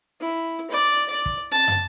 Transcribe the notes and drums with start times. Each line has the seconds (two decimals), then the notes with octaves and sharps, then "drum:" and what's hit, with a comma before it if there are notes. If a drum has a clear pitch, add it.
0.20 E4
0.71 D5
1.10 D5
1.26 drum: kick, hi-hat
1.52 A5
1.68 drum: tom